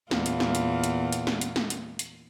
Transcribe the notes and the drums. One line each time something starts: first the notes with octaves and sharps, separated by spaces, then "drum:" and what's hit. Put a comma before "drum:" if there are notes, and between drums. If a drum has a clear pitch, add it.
E2 A#2 F4, drum: snare
drum: hi-hat
drum: snare
drum: hi-hat
drum: hi-hat
drum: hi-hat
drum: snare
drum: hi-hat
drum: snare
drum: hi-hat
drum: hi-hat